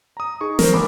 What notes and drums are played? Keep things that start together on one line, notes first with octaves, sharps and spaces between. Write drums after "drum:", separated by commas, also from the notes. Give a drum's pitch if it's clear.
A#5 D#6
D#4 G#4 C#6
A#4 C5, drum: snare
A1 D3 A#4 B5 D6